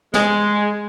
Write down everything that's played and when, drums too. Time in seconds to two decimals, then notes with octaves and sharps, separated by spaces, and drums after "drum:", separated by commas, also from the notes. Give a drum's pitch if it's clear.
0.14 G#3, drum: snare